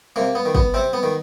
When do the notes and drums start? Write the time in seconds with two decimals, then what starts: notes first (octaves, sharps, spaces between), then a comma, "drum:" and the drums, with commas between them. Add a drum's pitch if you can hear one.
0.16 C3 A#3
0.35 B3
0.46 D#3
0.55 B3, drum: kick
0.74 C3 C4
0.93 B3
1.03 D#3